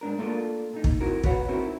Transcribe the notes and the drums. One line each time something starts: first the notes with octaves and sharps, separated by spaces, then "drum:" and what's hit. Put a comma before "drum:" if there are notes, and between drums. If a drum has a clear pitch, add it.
G#2 D4 A#4
A3 A#3 D4 F4 A4 A#4
A#2 D#4
drum: kick
C4 E4 F#4 A#4
F#4 B4 C#5 D#5 F#5, drum: kick
C4 D#4 E4 F#4 A#4